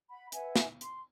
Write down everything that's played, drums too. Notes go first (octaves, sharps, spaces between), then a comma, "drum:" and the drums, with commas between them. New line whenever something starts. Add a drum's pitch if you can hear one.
F#5 B5
B4 E5 F#5 G#5, drum: hi-hat
drum: snare
C6, drum: hi-hat